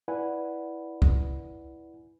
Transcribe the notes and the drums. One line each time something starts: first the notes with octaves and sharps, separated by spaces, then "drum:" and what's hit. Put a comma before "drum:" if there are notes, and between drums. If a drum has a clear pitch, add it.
E4 B4 D5 F#5 G#5 B5
drum: kick